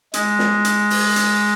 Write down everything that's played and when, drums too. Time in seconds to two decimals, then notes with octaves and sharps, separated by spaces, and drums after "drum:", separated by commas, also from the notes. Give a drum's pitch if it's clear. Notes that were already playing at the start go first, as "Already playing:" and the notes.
0.14 G#3, drum: hi-hat
0.39 drum: snare
0.65 drum: hi-hat
0.90 drum: open hi-hat
1.16 drum: hi-hat